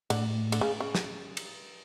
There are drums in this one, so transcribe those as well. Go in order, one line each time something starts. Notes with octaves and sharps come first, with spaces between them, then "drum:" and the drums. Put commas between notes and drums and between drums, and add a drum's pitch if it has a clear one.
A2 D3, drum: cymbal
D3, drum: cymbal
C#3
C#3
drum: snare
drum: cymbal